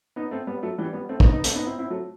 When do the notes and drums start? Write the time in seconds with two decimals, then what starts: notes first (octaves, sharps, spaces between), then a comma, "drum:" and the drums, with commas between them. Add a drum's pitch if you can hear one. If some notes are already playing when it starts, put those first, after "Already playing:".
0.16 B3 D#4
0.31 A3 C4
0.47 G3 B3
0.63 F#3 A3
0.78 E3 G3
0.93 G3 B3
1.09 A3 C4
1.20 B3 D#4, drum: kick
1.32 B3 D#4
1.44 A3 C4, drum: hi-hat
1.55 B3 D#4
1.66 C4 E4
1.79 C4 E4
1.90 F#3 A3